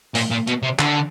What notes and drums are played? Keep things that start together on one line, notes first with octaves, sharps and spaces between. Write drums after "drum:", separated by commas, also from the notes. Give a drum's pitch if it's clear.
A#2, drum: open hi-hat
A#2
B2, drum: hi-hat
C3
D3, drum: clap